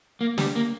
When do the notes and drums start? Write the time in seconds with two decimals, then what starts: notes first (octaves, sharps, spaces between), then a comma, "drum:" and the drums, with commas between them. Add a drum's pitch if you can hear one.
0.21 A#3
0.38 G3, drum: snare
0.55 A#3